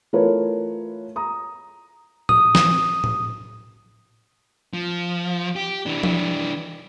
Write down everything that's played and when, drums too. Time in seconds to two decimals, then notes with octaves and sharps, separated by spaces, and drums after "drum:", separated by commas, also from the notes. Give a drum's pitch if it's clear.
0.13 E3 A3 F4 A#4 B4 C#5
1.16 A#5 D#6
2.29 D#6, drum: tom A2
2.55 drum: snare
3.04 drum: tom A2
4.74 F3
5.56 G4
5.86 E3 D4
6.03 drum: tom F3